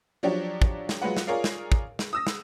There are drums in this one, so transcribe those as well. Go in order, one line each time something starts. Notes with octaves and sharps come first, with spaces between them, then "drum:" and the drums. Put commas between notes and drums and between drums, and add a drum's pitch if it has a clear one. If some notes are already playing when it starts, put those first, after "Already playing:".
F3 F#3 D4 G4 C#5
drum: kick
drum: snare
F#3 G#3 F4 B4 F#5
drum: snare
F4 G#4 A#4 C#5 D5 F5
drum: snare
drum: kick
drum: snare
D#6 E6 A#6
drum: snare